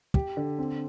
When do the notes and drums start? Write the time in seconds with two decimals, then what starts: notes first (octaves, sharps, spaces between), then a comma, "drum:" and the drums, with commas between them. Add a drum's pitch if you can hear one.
0.14 G4, drum: kick
0.37 D3
0.59 C4